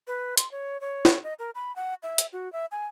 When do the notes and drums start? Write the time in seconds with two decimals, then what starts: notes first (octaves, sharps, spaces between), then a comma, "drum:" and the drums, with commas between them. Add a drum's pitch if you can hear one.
0.07 B4
0.37 C6, drum: hi-hat
0.51 C#5
0.81 C#5
1.05 drum: snare
1.24 D#5
1.39 A#4
1.55 B5
1.76 F#5
2.03 E5
2.18 drum: hi-hat
2.33 F#4
2.53 E5
2.72 G#5